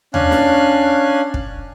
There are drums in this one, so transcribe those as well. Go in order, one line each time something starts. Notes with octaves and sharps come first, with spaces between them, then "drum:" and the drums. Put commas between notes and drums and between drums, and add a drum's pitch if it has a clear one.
C#4 D4 F5 G#5 F#6, drum: tom D#2
drum: snare
drum: kick